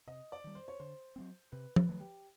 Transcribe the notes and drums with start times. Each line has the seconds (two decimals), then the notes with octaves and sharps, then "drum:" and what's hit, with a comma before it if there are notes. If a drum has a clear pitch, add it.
0.07 C3 D#5
0.32 D5
0.44 D#3 G3
0.55 C5
0.68 C#5
0.80 D3 C5
1.16 F#3 A3 C4
1.52 C3 B4
1.76 B4, drum: tom F3
1.88 D#3 F#3 A3
2.00 G4